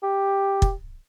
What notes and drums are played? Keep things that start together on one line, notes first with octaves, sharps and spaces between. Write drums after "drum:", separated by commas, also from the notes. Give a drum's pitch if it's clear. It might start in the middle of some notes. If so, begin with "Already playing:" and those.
G4
drum: kick